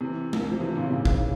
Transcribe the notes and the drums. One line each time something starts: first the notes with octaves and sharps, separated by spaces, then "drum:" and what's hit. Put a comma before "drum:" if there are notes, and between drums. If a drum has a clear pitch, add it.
C3 E3
drum: tom G#3
F3
C3 E3
A#2 C#3
G#2 C3
A#2 C#3, drum: kick